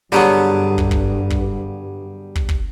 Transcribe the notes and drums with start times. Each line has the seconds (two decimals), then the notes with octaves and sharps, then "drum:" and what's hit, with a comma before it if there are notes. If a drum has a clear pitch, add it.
0.12 G2 D3 F#3 G3 B3 G4 G#4
0.78 drum: kick
0.91 drum: kick
1.30 drum: kick
2.35 drum: kick
2.49 drum: kick